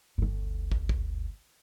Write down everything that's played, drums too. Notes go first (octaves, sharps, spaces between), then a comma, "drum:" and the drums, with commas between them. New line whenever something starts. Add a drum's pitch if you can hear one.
G1 D2
drum: kick
drum: kick